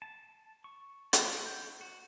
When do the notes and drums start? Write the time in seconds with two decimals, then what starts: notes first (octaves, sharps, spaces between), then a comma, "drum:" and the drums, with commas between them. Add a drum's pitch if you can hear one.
0.02 A5
0.64 C#6
1.13 D5, drum: hi-hat
1.46 G6
1.81 F#4